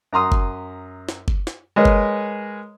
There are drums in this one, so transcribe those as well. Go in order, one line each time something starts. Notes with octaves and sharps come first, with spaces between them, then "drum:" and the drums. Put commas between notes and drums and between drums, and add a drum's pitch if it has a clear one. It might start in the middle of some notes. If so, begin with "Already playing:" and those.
F#2 A#5 C6 D#6
drum: kick F#1
drum: snare
drum: kick F#1
drum: snare
G#3 A#4 B4 C#5 D#5
drum: kick F#1